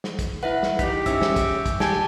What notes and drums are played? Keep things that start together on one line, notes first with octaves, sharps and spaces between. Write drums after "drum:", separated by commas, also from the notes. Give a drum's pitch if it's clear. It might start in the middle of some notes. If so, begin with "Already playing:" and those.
drum: snare
drum: kick, hi-hat
E4 B4 E5 F#5
drum: snare
D#4 G4 B6, drum: kick, hi-hat
C#4 E5 E6, drum: kick, hi-hat
drum: snare
drum: kick, hi-hat
drum: kick, hi-hat
G4 G#5 A5, drum: snare